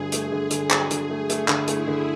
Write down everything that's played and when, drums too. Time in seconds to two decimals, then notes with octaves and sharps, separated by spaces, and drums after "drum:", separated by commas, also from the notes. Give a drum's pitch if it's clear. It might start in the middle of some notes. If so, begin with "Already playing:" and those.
Already playing: G2 D3 F#3 A3 G#4
0.12 A3 G#4, drum: hi-hat
0.32 D3
0.50 D3, drum: hi-hat
0.71 F#3, drum: clap
0.91 D3, drum: hi-hat
1.10 A3
1.29 A3, drum: hi-hat
1.48 D3, drum: clap
1.67 A3 E4, drum: hi-hat
1.87 D3